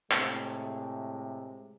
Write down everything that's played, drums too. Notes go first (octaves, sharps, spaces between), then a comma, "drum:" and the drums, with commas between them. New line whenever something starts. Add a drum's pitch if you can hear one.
A2 C3 G#3, drum: clap